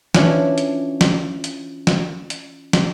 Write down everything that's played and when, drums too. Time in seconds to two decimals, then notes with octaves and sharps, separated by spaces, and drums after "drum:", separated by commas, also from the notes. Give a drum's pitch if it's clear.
0.14 E3 F3 C#4 D4, drum: snare
0.58 drum: hi-hat
1.01 drum: snare
1.44 drum: hi-hat
1.87 drum: snare
2.30 drum: hi-hat
2.73 drum: snare